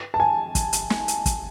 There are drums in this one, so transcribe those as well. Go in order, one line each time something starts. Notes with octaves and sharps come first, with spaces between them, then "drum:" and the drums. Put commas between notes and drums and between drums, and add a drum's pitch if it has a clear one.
A5
G#5
drum: kick, hi-hat
drum: hi-hat
drum: snare
drum: hi-hat
drum: kick, hi-hat